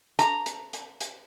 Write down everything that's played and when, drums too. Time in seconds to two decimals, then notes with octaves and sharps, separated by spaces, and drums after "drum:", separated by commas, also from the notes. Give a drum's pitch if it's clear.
0.19 A#5, drum: hi-hat
0.46 drum: hi-hat
0.73 drum: hi-hat
1.01 drum: hi-hat